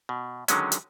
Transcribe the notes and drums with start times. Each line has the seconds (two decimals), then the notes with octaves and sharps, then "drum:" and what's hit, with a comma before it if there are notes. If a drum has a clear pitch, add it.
0.09 B2
0.48 D3 D#3 F#3 G#3 C#4, drum: hi-hat
0.72 drum: hi-hat